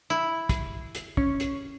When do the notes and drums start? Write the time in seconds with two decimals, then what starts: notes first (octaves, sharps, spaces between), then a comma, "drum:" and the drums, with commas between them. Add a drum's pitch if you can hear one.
0.10 E4
0.49 drum: kick, hi-hat
0.95 drum: hi-hat
1.17 C#4, drum: kick
1.40 drum: hi-hat